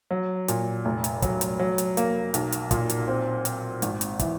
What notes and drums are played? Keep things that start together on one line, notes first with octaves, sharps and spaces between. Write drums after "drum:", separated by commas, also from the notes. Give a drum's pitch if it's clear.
F#3
A#2, drum: hi-hat
F1
drum: hi-hat
F#3, drum: kick, hi-hat
drum: hi-hat
F#3
drum: hi-hat
A#3, drum: hi-hat
B1, drum: hi-hat
drum: hi-hat
A#2, drum: kick, hi-hat
drum: hi-hat
C4
C4, drum: hi-hat
G#1, drum: hi-hat
drum: hi-hat
E3, drum: kick, hi-hat